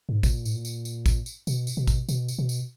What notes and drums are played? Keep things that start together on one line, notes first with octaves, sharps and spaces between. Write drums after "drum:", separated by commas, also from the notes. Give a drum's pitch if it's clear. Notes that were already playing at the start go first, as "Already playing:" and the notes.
G#2
A#2, drum: kick, tambourine
A2, drum: tambourine
A#2
drum: tambourine
drum: tambourine
drum: kick, tambourine
drum: tambourine
B2, drum: tambourine
drum: tambourine
B2
drum: kick, tambourine
B2, drum: tambourine
drum: tambourine
B2
drum: tambourine